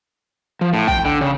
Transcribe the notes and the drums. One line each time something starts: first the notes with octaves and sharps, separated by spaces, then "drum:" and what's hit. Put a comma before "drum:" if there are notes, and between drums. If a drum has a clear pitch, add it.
F3
A2
G5, drum: kick A1
D3
C#3